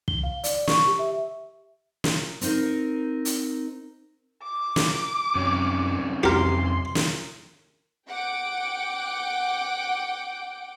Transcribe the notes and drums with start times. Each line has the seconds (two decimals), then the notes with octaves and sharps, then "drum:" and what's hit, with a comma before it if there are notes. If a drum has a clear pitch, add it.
0.08 G7, drum: kick
0.23 F5
0.44 D5, drum: hi-hat
0.67 C#6, drum: snare
0.86 G4
0.99 E5
2.04 drum: snare
2.41 C4 D#4 A#4, drum: hi-hat
3.25 drum: hi-hat
4.43 D6
4.76 drum: snare
5.35 F#2 C3 F#3 C#4
6.23 F2 G4 A#4 C6
6.95 drum: snare
8.09 F#5 G5 D6